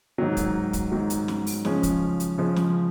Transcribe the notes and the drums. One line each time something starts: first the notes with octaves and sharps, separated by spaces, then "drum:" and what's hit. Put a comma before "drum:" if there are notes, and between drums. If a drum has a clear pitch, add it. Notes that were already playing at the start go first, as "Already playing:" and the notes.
G#2 D#3 F#3
drum: kick, hi-hat
drum: kick, hi-hat
G#2 D#3 F#3
drum: hi-hat
drum: snare
drum: open hi-hat
C#3 F3 G#3 C#4, drum: snare
drum: kick, hi-hat
drum: hi-hat
C#3 F3 G#3 C#4
drum: snare